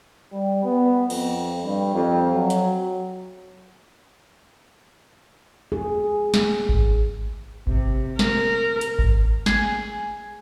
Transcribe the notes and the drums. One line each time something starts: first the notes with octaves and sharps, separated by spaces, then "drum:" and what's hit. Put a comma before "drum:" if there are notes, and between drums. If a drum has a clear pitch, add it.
G3
B3
F2, drum: cymbal
G2
F2
F#3
drum: hi-hat
G#4
drum: snare
drum: kick G#1
C3, drum: kick G#1
A#4, drum: snare
drum: hi-hat
drum: kick G#1
G#4, drum: snare